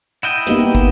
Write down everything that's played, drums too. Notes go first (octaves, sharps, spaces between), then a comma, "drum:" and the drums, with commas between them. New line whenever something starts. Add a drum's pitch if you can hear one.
E4 D#5 F#5 G5 G6
A#3 B3 D#4 G4 A#4 B4, drum: hi-hat
drum: kick